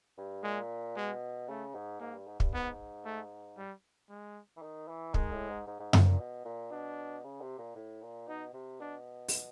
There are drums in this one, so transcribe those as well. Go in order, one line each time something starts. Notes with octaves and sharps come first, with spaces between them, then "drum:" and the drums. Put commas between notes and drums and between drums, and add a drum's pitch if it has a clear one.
G2
A#2 G#3
B2 G#3
C#3 A3
G#2
G#2 A#3
G2
G#2
G2, drum: kick
G#2 B3
A3
G3
G#3
E3
D#3
E3
D#3 G#3, drum: kick
A2
G#2
G#2
G#2
A2, drum: tom F#2
A#2
B2
A#2
B2 D4
C#3
C3
A#2
A2
A#2
B2 D#4
C3
B2 D4
drum: open hi-hat